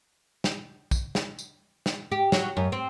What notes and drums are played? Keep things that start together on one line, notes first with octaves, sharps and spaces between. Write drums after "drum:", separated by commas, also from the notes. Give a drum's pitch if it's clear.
drum: snare
drum: kick, tambourine
drum: snare
drum: tambourine
drum: snare
G4
F#3, drum: snare
F#2
C4